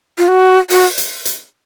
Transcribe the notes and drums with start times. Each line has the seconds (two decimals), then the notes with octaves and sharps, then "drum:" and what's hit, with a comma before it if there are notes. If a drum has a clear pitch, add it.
0.18 F4
0.28 F#4
0.70 F#4, drum: open hi-hat
0.98 drum: hi-hat
1.25 drum: hi-hat